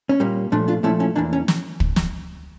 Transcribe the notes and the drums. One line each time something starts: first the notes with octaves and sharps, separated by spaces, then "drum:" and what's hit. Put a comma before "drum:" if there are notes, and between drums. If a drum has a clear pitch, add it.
C#4
A#2 G3 A#3
A#2 F3 A3 D4
D4 F4
A#2 F3 A3 C#4 E4
C#4 E4
E2 E3 A#3 D4
C#4
drum: snare
drum: kick
drum: snare